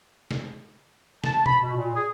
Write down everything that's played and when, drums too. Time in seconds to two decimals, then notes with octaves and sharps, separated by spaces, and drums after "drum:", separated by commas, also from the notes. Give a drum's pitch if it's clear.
0.31 drum: snare
1.24 A5, drum: snare
1.46 B5, drum: tom B2
1.61 B2
1.76 A#2
1.94 G#4